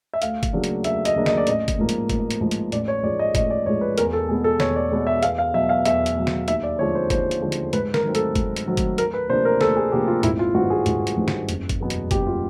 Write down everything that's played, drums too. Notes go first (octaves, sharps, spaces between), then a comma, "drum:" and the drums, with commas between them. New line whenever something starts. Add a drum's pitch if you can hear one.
E5
D2 F5, drum: hi-hat
drum: kick F#1, hi-hat
C#3 F#3 A#3 D4
drum: hi-hat
D2 E5, drum: hi-hat
D#5, drum: hi-hat
C#3 F#3 A#3 D4
D#5, drum: snare
D5
A1 D#5, drum: hi-hat
drum: kick F#1, hi-hat
G#2 F3 A#3
drum: hi-hat
A1, drum: kick F#1, hi-hat
drum: hi-hat
G#2 F3 A#3
drum: hi-hat
A1 D5, drum: hi-hat
C#5
G#2 F3 G#3 D5
D#5
A1 D#5, drum: kick F#1, hi-hat
D5
G#2 F3 G#3 C#5
B4
E2 A#4, drum: hi-hat
A4
B2 G#3 B3 G#4
A4
E2 C#5, drum: snare
D5
B2 G#3 B3
E5
E2 F5, drum: hi-hat
F5
B2 F#3 E5
F5
E2 E5, drum: hi-hat
drum: hi-hat
B2 F#3
drum: snare
D#2 E5, drum: hi-hat
D5
D3 F3 G#3 C4 C#5
C5
D#2 C5, drum: kick F#1, hi-hat
drum: hi-hat
D3 F3 G#3 C4
drum: hi-hat
G#2 B4, drum: hi-hat
A#4, drum: snare
D#3 F#3 A3 C4
A4, drum: hi-hat
G#2, drum: kick F#1, hi-hat
drum: hi-hat
D#3 F#3 A3 C4
drum: kick F#1, hi-hat
D2 A#4, drum: hi-hat
B4
C3 F3 A#3 D4 C5
A#4
D2 A4, drum: snare
G#4
C3 F3 A#3 D4 G4
F4
G#1 E4, drum: hi-hat
F4
G2 D#3 G3 C4 F#4
G#4
G#1, drum: hi-hat
drum: hi-hat
G2 D#3 G3 C4
drum: snare
F#1, drum: hi-hat
drum: kick F#1, hi-hat
E2 B2 F#3 B3
drum: hi-hat
F#1 G4, drum: kick F#1, hi-hat
F4